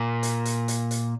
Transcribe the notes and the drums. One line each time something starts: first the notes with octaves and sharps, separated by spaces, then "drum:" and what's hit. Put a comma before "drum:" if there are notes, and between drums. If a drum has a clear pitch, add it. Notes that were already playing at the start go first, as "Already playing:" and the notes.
Already playing: A#2
drum: hi-hat
drum: hi-hat
drum: hi-hat
drum: hi-hat